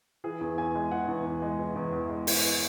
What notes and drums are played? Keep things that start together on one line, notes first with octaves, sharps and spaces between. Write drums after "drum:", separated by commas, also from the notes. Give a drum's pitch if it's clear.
E3 G#4
E2
E2 G#5
G#3
E3 F#5
E2
E2
G#3
E3
E2
E2
G#3
E3, drum: open hi-hat